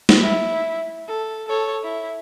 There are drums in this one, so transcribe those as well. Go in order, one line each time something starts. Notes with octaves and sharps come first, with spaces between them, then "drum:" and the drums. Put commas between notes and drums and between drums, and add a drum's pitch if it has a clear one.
drum: snare
E4
A4
A4 C#5
E4